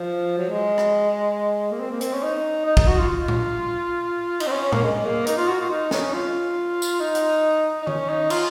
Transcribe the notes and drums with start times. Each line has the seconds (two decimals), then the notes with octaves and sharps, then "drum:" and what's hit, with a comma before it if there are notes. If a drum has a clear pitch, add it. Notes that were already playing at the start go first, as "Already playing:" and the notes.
Already playing: F3
0.38 F#3
0.49 G#3
0.78 drum: rim click
1.71 A#3
1.79 C4
1.91 A#3
2.01 C4, drum: hi-hat
2.13 C#4
2.23 D#4
2.66 D#4
2.77 D#4, drum: kick
2.87 F#4
2.99 F4
3.09 F4
3.28 drum: tom A#2
4.40 D#4, drum: cymbal
4.47 C4
4.51 C#4
4.61 C#4
4.73 A#3, drum: tom A#2
4.83 G#3
5.05 A#3
5.27 D#4, drum: hi-hat
5.37 F4
5.48 F#4
5.60 F4
5.70 D#4
5.91 C#4, drum: snare
6.13 F4
6.82 drum: tambourine
7.00 D#4
7.15 drum: hi-hat
7.82 D#4
7.87 C#4, drum: tom D#3
8.09 D#4
8.30 F4, drum: cymbal